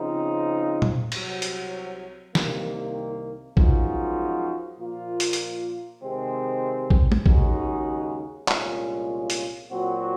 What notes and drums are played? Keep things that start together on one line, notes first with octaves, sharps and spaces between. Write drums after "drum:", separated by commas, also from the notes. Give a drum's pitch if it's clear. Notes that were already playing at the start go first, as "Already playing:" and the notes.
Already playing: C#3 F3 C4 D#4
drum: tom
C2 C3 F#3 C4, drum: cymbal
drum: hi-hat
C2 C3 D#3 A#3, drum: snare
F#2 F3 G#3 D#4 F#4, drum: kick A1
A#2 F3 A#3 F4
drum: hi-hat
drum: hi-hat
C3 D#3 G#3 C4
drum: kick A1
drum: tom
D#2 C#3 G#3 D#4 F#4, drum: kick A1
C2 A#2 G#3 C#4 F4, drum: clap
drum: hi-hat
A#2 F#3 C4 F#4